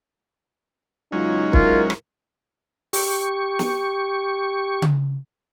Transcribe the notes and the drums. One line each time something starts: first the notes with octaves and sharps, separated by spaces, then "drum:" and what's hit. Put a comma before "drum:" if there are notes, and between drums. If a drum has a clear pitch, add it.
E2 C#3 F#3 G#3 C#4 D#4 F4
G#2 E4 F4 A#4, drum: kick
drum: rim click
G4 C#6, drum: open hi-hat
drum: snare
drum: tom C#3